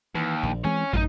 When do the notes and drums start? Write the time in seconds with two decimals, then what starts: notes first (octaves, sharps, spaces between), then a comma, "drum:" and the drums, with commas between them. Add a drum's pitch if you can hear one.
0.15 D#2 E3
0.43 A#1
0.64 E3 G#3 C4 C#5 G#5
0.93 F#2 A2 D#4 F4, drum: kick